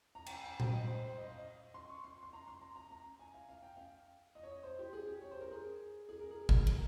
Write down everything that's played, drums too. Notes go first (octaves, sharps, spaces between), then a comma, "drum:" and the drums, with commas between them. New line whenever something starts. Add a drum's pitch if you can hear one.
A#5
G5, drum: cymbal
G#5
G5
G5, drum: tom A#2
D#5
C5
C5
D#5
F5
D#5
C6
C#6
C6
C6
A#5
C6
A#5
A#5
A#5
G#5
F5
F5
G5
F5
D#5
C#5
D#5
C5
G4
G#4
G4
C#5
C5
A#4
G#4
G#4
A#4
G#4
drum: kick G1
A#4, drum: cymbal